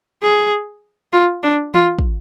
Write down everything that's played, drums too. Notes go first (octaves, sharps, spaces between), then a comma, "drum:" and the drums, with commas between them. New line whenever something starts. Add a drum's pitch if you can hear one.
G#4
F4
D4
F4, drum: tom E3
drum: kick